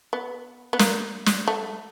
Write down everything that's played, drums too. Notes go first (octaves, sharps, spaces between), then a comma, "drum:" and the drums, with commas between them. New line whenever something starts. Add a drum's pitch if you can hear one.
B3
B3
A#3, drum: snare
drum: snare
A3